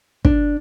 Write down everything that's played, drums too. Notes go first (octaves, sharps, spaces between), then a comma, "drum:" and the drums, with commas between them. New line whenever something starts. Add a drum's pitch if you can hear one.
D4, drum: kick